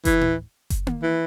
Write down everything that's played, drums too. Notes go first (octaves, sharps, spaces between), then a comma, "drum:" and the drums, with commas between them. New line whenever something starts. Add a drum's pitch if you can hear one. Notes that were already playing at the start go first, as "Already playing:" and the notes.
E3, drum: kick F#1, hi-hat
drum: tom A2
drum: kick F#1, hi-hat
drum: tom A#3
E3